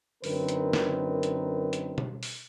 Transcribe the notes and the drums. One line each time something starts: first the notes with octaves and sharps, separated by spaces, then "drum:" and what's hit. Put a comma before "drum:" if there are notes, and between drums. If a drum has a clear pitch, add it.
F#2 D3 C4 D#4 A#4 B4, drum: open hi-hat
drum: hi-hat
drum: snare
drum: hi-hat
drum: hi-hat
drum: tom B2
drum: open hi-hat